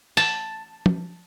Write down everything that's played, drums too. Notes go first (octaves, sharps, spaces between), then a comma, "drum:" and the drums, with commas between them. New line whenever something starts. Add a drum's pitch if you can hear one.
A5, drum: open hi-hat
drum: tom